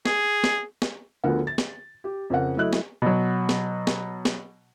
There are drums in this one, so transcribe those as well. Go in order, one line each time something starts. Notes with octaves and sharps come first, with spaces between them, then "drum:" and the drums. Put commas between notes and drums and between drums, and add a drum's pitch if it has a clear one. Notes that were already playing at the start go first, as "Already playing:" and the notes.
G#4, drum: snare
drum: snare
drum: snare
D2 D3 F3 B3 A#4 F#5
A6
drum: snare
G4
F2 C#3 A#4 F#5
F#3 A3 E4 D#5 F#6
drum: snare
B2 F#3
drum: snare
drum: snare
drum: snare